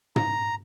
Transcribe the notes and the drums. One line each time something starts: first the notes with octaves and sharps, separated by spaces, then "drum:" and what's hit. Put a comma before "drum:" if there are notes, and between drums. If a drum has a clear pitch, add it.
A#5, drum: tom